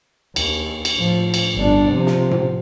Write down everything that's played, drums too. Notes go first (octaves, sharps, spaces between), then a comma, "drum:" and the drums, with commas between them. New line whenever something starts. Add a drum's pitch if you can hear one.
D#2, drum: cymbal
drum: cymbal
A2 F3
drum: cymbal
G1 D4
C3 F3
drum: snare
drum: tom A2